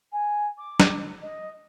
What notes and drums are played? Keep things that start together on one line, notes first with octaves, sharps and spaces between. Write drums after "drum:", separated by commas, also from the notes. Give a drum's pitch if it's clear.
G#5
D6
drum: snare
D#5